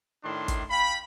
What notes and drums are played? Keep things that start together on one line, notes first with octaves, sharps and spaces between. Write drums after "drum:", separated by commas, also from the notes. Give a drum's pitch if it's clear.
A2 D#3 D4 E4 C6
drum: kick, hi-hat
F5 G5 B5